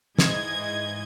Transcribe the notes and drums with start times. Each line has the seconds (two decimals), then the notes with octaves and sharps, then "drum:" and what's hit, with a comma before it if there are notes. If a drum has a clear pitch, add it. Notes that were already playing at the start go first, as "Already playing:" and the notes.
0.19 G#2 E3 D#5 G#6, drum: snare